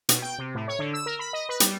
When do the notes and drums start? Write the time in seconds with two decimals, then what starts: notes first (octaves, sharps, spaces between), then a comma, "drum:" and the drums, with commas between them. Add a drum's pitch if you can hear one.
0.09 B2, drum: hi-hat
0.22 G5
0.38 C3
0.55 A2
0.68 C#5
0.79 D3
0.94 E6
1.06 A#4
1.19 B5
1.33 D#5
1.49 B4
1.60 G3, drum: hi-hat